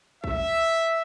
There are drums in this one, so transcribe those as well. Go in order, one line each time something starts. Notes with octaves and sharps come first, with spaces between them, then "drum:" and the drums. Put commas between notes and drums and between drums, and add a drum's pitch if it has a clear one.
E5, drum: kick